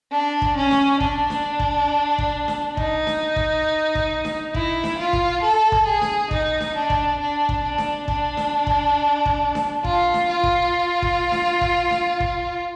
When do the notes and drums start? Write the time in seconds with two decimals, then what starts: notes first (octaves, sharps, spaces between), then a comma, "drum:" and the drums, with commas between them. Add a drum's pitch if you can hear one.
0.12 D4
0.42 drum: kick
0.56 C#4
0.71 drum: snare D4
1.00 D4, drum: kick
1.30 drum: snare D4
1.60 drum: kick
2.18 drum: kick
2.48 drum: snare D4
2.77 D#4, drum: kick
3.07 drum: snare D4
3.36 drum: kick
3.95 drum: kick
4.25 drum: snare D4
4.55 E4, drum: kick
4.84 drum: snare D4
4.98 F4
5.13 drum: kick
5.43 A4
5.72 drum: kick
5.86 G#4
6.01 drum: snare D4
6.31 D#4, drum: kick
6.60 drum: snare D4
6.76 D4
6.90 drum: kick
7.20 D4
7.49 drum: kick
7.63 D4
7.78 drum: snare D4
8.08 D4, drum: kick
8.37 drum: snare D4
8.67 drum: kick
9.26 drum: kick
9.55 drum: snare D4
9.84 F4, drum: kick
10.14 drum: snare D4
10.28 F4
10.43 drum: kick
11.02 drum: kick
11.32 drum: snare D4
11.61 drum: kick
11.91 drum: snare D4
12.20 drum: kick